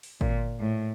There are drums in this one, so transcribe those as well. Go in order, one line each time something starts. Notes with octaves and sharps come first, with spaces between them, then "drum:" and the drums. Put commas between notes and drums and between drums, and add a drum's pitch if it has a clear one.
drum: open hi-hat
A#2, drum: kick
A2